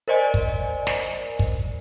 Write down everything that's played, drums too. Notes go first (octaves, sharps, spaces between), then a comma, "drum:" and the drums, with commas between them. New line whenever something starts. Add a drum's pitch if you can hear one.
A#4 C5 D5 D#5 G#5
drum: kick
drum: snare
drum: kick